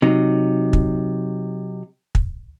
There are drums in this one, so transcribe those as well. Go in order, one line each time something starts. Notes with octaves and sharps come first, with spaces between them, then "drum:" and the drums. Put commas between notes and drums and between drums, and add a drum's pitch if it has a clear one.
C3 F#3 D#4
drum: kick
drum: kick